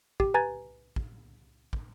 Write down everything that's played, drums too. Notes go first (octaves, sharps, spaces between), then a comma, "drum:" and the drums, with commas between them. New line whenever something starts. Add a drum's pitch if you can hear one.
G4, drum: kick
B4 G#5 A#5 G#6 A6
drum: kick
drum: kick